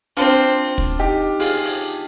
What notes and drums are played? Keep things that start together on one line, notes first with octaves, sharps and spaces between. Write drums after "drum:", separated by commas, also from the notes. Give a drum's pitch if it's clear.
C4 D4 F4, drum: hi-hat
drum: kick
D#4 G4
F4 G#4, drum: open hi-hat
drum: open hi-hat